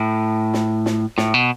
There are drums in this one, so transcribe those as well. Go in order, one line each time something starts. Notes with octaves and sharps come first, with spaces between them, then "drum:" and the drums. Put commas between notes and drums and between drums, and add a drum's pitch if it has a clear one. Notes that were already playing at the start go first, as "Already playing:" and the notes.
Already playing: A2
drum: snare
drum: snare
A2, drum: snare
B2